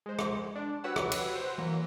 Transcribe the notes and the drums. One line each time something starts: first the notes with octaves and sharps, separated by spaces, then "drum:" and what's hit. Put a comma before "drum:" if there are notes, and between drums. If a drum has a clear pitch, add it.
G#3 C5
drum: rim click
D4
F#4 G4 B4 C#5 F#5 E6
drum: rim click
drum: cymbal
C5 F#5
E3 F#3 A#3